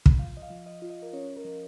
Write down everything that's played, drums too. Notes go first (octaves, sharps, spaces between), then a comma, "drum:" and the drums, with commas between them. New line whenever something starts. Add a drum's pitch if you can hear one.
drum: kick
F3 F5
D#5
F5
F3
D#5
F4
D#5
A#4
C#4 C#5
A#4
F3